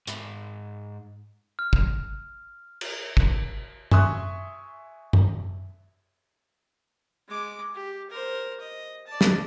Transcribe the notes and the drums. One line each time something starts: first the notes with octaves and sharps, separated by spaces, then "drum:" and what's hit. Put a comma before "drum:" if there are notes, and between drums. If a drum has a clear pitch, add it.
G#2 B5, drum: hi-hat
F6
drum: kick
drum: cymbal
drum: kick
E5 G#5 C6 C#6 D#6 F#6, drum: tom F#2
drum: tom F#2
G#3 D6
G4
A#4 C5
D#5
D5 A5
drum: snare